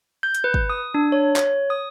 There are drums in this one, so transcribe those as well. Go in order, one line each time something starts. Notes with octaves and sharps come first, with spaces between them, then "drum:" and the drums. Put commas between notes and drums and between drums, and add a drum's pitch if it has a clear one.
G6
drum: hi-hat
B4
drum: kick
D#6
D4
C#5
C#5, drum: clap
D#6